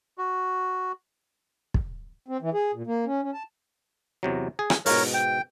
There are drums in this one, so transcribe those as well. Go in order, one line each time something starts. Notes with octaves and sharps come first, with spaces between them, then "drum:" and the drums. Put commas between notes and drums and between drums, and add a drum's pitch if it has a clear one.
F#4
drum: kick
C4
E3
G#4
A#2
A#3
C#4
C#4
A5
E2 C3 F#3
G#4
drum: rim click
G#2 B2 A#4 C#5, drum: open hi-hat
G5